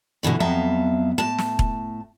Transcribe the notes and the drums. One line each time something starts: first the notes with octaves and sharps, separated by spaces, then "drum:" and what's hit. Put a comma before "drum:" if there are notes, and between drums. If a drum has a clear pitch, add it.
B2 D3 E3 A3
F2 F#3 B3 E5 F5 A5
A2 A5
drum: snare
drum: kick E1